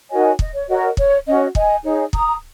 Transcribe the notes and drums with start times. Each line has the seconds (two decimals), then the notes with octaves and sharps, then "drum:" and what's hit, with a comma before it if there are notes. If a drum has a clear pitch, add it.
0.10 D#4 F#4 A#4 C#5 D#5 G#5
0.39 D#5, drum: kick
0.54 C#5
0.68 F#4 A#4 C#5 D#5
0.97 C#5, drum: kick
1.26 C#4 F#4 C#5 D#5
1.55 D#5 G#5, drum: kick
1.84 D#4 G#4 C#5
2.13 A#5 D#6, drum: kick